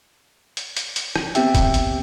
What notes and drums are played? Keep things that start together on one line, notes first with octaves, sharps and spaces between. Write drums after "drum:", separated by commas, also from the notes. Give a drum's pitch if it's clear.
drum: hi-hat
drum: hi-hat
drum: hi-hat
drum: rim click
B3 C4 G4 E5 G5, drum: hi-hat
drum: kick, hi-hat
drum: hi-hat